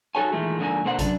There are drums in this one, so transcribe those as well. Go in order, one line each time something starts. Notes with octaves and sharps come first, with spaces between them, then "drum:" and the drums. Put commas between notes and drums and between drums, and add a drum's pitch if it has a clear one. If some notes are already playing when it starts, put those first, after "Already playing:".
D#4 F#4 A4 C#5 G#5
A#2 D#3 E3 G#3 A3
G#2 D3 F3 A#3 G#5
B2 D3 A#3 C5 F#5
F#2 D4, drum: kick, hi-hat